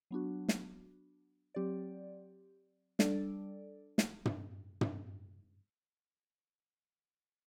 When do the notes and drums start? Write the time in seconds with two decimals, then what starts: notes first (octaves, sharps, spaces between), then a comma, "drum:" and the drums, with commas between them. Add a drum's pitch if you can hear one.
0.11 F#3 B3 D4 F#4
0.49 drum: snare
1.55 F#3 C4 G4 D5
2.99 G3 D4 A4 D5, drum: snare
3.98 drum: snare
4.25 drum: tom
4.81 drum: tom